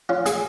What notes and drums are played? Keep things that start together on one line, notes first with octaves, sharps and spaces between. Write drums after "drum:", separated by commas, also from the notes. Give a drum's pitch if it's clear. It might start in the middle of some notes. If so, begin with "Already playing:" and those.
C#4 F4
G#3 G#4, drum: hi-hat